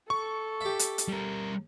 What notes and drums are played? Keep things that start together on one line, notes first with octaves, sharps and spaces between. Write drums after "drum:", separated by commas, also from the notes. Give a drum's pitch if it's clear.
A4 C#6
G4 E5
drum: hi-hat
drum: hi-hat
G3 A#4